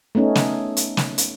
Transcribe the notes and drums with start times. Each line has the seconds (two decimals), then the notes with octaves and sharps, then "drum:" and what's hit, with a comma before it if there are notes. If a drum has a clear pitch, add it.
0.15 A3 B3 C#4 D#4
0.35 drum: snare
0.77 drum: hi-hat
0.97 drum: snare
1.18 drum: hi-hat